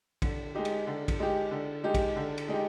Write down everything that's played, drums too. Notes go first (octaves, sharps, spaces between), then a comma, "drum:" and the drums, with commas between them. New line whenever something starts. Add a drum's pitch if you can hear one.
D3, drum: kick, cymbal
G#3 D#4 G4
drum: cymbal
D3
drum: kick, cymbal
G#3 D#4 G4
D3
G#3 D#4 G4
drum: kick, cymbal
D3
drum: cymbal
G#3 D#4 G4